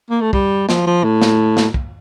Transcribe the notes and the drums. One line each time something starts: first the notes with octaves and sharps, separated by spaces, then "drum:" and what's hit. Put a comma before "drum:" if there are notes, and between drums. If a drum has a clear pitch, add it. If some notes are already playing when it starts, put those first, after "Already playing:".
A#3
A3
G3, drum: kick
F3, drum: snare
F3
A2
drum: snare
drum: snare
drum: kick